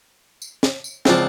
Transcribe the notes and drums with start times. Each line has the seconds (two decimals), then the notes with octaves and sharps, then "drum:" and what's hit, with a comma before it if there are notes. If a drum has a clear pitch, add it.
0.42 drum: tambourine
0.63 drum: snare
0.84 drum: tambourine
1.05 C#2 F3 C4 D4, drum: snare